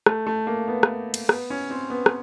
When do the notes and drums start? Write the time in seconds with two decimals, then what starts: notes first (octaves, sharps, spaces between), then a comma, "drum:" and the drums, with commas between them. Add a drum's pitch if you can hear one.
0.06 A3, drum: rim click
0.27 A3
0.47 A#3
0.68 B3
0.83 drum: rim click
1.14 drum: cymbal
1.29 B3, drum: rim click
1.50 C#4
1.71 C4
1.90 B3
2.06 drum: rim click